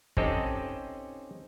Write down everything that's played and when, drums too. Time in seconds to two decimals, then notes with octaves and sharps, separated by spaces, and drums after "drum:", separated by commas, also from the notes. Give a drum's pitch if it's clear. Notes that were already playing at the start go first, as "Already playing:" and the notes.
0.17 C4 C#4 D#4 G4 A4 D#5, drum: kick